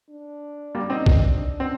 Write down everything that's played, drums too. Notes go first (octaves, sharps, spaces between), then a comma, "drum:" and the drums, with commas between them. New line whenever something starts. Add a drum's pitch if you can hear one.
D4
G3 A#3
C4 D#4
drum: kick B1
D4
C4